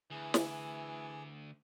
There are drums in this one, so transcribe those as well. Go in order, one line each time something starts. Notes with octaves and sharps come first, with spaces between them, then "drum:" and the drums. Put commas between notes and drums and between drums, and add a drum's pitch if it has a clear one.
D2 E3 G#4
drum: snare